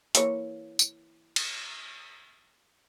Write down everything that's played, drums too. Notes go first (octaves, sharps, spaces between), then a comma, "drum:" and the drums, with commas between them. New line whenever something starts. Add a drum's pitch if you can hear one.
E3 A#3 C#5, drum: hi-hat
drum: tambourine
drum: cymbal